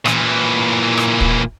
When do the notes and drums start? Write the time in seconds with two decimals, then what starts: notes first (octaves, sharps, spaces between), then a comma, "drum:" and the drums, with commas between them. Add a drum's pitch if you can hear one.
0.06 A#2 E3, drum: rim click
0.98 drum: rim click
1.21 drum: kick